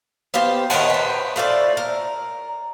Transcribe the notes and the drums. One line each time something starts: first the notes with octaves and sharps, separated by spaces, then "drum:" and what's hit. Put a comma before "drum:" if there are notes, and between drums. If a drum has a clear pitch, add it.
B3 F4 G4 C5
D#3 B3 F#5 A5, drum: cymbal
B4 C5
A3 F4 C5 D5
A#4